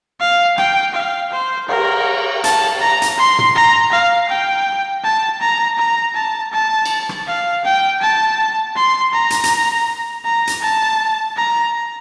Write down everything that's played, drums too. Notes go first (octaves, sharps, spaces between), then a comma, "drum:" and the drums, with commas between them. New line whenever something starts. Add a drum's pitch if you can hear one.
F5
G5, drum: rim click
F5
C5
A#4, drum: cymbal
A5, drum: hi-hat
A#5
drum: hi-hat
C6
drum: tom
A#5
F5
G5
A5
A#5
A#5
A5
A5
drum: cymbal
drum: rim click
F5
G5
A5
C6
A#5
drum: hi-hat
drum: hi-hat
A#5
drum: hi-hat
A5
A#5